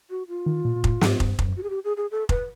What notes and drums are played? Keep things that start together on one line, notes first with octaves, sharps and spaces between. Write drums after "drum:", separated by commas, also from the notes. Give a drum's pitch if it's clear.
F#4
F4
D#3
A#2
A#2
A2, drum: kick
G#2, drum: snare
G2, drum: kick
F#2, drum: kick
F#4
G#4
G4
G#4
G#4
A4
B4, drum: kick